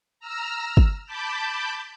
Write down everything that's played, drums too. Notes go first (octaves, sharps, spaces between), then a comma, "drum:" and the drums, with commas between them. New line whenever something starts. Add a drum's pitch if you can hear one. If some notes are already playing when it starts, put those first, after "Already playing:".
A#5 E6 F6
drum: kick
A5 B5 D6 G6